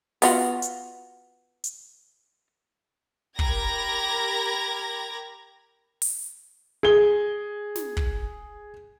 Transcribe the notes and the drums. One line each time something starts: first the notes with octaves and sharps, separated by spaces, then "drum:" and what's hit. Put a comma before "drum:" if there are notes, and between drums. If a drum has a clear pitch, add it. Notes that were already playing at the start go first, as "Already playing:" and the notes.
B3 F4 F#4, drum: open hi-hat
drum: hi-hat
drum: hi-hat
G4 A#4 A#5 B5 G#6 A#6, drum: kick
drum: open hi-hat
G#4 G7
drum: snare
drum: kick